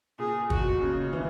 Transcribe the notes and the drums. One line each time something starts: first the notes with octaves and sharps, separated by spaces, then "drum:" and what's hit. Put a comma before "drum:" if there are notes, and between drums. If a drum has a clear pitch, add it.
A#2 G#4
B2 F#4, drum: kick
C#3
E3